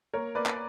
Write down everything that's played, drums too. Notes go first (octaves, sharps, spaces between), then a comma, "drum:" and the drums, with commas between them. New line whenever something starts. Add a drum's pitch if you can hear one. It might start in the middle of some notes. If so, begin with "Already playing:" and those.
A#3 A#4 C#5
A#3 B4 D5
drum: clap